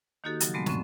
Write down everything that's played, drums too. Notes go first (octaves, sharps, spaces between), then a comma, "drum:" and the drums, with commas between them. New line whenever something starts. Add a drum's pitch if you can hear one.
D#3 A#3 D#4 F#4 G4 A4
C#3 F3 F#3, drum: hi-hat
A#2 F#3 G#3 A3 B3 C4
F#2 A2 D3 F3 C4 C#4, drum: snare